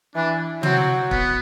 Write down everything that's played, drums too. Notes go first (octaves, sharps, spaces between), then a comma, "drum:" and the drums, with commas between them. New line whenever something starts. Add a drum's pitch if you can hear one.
E3 D4
F#3 C4, drum: tom
B3, drum: kick